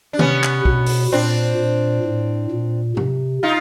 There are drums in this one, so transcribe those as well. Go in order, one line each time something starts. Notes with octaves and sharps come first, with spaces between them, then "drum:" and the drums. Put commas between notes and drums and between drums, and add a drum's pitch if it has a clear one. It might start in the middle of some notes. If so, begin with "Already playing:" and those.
D4
C3 B3 C#4, drum: tom
drum: clap
B2, drum: kick
drum: open hi-hat
A#2 C4 D4
A#2
A2
A#2
C3, drum: tom
D#4 F4